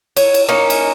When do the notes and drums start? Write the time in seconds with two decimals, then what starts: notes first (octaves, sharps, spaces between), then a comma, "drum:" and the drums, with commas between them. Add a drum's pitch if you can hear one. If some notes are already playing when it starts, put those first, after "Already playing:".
0.17 C#5, drum: cymbal
0.34 drum: cymbal
0.49 A#3 C#4 D#4
0.70 drum: cymbal